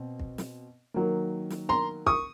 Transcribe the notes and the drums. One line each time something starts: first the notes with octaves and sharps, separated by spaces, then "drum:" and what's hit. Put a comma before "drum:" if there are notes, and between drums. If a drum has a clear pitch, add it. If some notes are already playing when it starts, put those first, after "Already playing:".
Already playing: B2 C4
drum: kick
drum: snare
D#3 F#3 A#3
drum: snare
A#5 C6
C#6 D#6, drum: kick